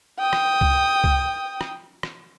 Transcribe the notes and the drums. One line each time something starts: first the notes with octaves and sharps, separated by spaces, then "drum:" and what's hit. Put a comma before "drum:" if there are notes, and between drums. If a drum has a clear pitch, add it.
G5 D#6
drum: rim click
drum: kick C2
drum: kick C2
drum: rim click
drum: rim click